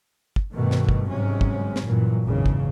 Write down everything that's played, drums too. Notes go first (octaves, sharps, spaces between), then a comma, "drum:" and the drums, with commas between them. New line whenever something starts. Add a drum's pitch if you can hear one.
drum: kick
G2 B2 D#3 A3
drum: snare
drum: kick
G1 G#2 C3 F#3 C#4
drum: kick
drum: snare
G2 A#2 E3 F#3
G#1 E2 C#3
drum: kick